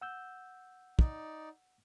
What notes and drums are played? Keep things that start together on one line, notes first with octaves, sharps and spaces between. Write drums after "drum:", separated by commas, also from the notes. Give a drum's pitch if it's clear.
F#5 E6 G6
D#4 D5, drum: kick